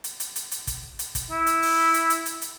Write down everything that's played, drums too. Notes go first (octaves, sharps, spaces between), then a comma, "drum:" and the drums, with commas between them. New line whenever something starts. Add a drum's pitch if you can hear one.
drum: hi-hat
drum: hi-hat
drum: hi-hat
drum: hi-hat
drum: kick, hi-hat
drum: hi-hat
drum: kick, hi-hat
E4
drum: hi-hat
drum: open hi-hat
drum: hi-hat
drum: hi-hat
drum: hi-hat
drum: hi-hat